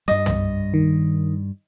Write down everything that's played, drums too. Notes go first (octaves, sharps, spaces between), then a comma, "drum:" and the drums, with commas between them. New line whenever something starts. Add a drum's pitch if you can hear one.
G2 G3 D#5
drum: tom
D#3